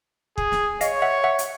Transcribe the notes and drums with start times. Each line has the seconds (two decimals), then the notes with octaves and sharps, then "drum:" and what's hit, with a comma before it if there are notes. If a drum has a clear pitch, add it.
0.38 G#4, drum: kick
0.52 drum: snare
0.81 C#5 D#5 F5, drum: hi-hat
1.02 E5 F#5
1.24 E5 F#5
1.39 drum: hi-hat